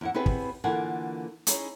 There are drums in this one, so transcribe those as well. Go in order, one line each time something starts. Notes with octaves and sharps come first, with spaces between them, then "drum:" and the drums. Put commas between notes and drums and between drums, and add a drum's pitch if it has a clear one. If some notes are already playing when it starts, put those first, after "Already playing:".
E2 E4 F#5
B3 C4 E4 G4 G#4 B4
drum: kick
D3 E3 A#3 F4 F#5 G#5
C#4 D#4 E4 G#4 C#5, drum: hi-hat